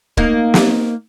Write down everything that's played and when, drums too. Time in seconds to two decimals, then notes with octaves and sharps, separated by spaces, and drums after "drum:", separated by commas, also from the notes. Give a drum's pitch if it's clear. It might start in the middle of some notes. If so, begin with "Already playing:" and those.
0.17 A#3 D#4 A#4, drum: kick
0.54 drum: snare